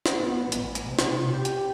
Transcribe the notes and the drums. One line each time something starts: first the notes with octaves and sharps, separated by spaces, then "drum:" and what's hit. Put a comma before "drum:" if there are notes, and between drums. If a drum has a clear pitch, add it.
drum: snare
B3
A1, drum: hi-hat
drum: hi-hat
C3
drum: snare
G4
drum: hi-hat